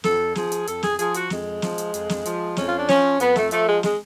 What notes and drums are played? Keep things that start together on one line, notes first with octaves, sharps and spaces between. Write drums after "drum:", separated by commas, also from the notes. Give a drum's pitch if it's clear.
F2 A4, drum: snare
F3 G#4, drum: snare
drum: hi-hat
F2 A4, drum: hi-hat
G#4, drum: snare
F3 G#4, drum: hi-hat
F#4, drum: hi-hat
F2 G#3, drum: snare
F3, drum: snare
drum: hi-hat
F2, drum: hi-hat
drum: snare
F3, drum: hi-hat
F2 C#4, drum: snare
F4
D4
F3 C#4, drum: snare
F2 B3, drum: hi-hat
A3, drum: snare
F3 A3, drum: hi-hat
G#3
G#3, drum: snare